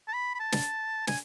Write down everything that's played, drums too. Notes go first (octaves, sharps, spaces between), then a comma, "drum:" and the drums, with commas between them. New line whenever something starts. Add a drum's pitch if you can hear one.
A5
B5
B5
A5
drum: snare
G#5, drum: snare